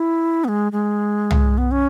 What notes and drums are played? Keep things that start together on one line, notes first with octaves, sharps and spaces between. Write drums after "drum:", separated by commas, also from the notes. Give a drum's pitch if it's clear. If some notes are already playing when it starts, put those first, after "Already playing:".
Already playing: E4
B3
G#3
G#3
drum: tom C2
B3
C#4